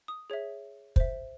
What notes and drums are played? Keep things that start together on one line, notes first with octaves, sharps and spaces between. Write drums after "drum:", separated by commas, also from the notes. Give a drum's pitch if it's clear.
D#6
G#4 C#5 E5
C5 E5, drum: kick